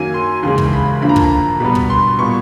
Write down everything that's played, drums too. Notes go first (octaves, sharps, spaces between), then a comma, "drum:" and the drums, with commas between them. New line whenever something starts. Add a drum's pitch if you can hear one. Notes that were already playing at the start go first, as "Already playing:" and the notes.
Already playing: F#2 D#3 F#3 A#3 G#5
C6
D#2 C#3 E3 G#3 C6
drum: kick
B5
D2 D3 F3 A#3 B5
A#5
A5, drum: kick
A#5
B2 G3 B3 B5
drum: kick
C6
A#2 G3 B3 C#6